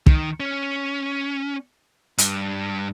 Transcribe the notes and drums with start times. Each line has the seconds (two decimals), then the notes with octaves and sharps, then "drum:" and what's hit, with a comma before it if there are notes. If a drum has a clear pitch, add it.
0.06 D#3, drum: kick
0.40 C#4
2.18 G2, drum: hi-hat